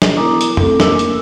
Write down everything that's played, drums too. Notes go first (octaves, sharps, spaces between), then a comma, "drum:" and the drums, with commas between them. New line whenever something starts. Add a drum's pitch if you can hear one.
drum: snare
B3 E4 A#4 A#5 D6 D#6
drum: hi-hat
A3 C4 A4 D6, drum: tom
A#3 A#4 D6 E6, drum: snare
drum: hi-hat